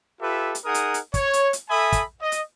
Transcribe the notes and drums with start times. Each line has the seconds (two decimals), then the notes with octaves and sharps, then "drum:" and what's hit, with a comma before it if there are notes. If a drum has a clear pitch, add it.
0.21 F4 G4 A4 B4 E5
0.55 drum: hi-hat
0.65 D#4 G#4 A#4 F#5 D#6
0.74 drum: hi-hat
0.94 drum: hi-hat
1.14 C#5, drum: kick, hi-hat
1.33 drum: hi-hat
1.53 drum: hi-hat
1.69 A4 E5 G#5 B5 D#6
1.92 drum: kick, hi-hat
2.21 D#5
2.32 drum: hi-hat